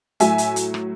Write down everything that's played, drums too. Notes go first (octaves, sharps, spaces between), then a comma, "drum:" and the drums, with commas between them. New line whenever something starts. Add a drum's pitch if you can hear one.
A2 F#3 E5 G#5, drum: hi-hat
drum: hi-hat
drum: hi-hat
drum: rim click